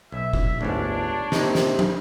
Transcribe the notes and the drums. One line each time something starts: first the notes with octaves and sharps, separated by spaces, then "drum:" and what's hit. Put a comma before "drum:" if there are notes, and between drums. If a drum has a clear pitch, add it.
B1 E5
drum: kick
G1 D2 G#2 D4 C#5
D#2 C3 D#4, drum: snare
drum: snare
drum: tom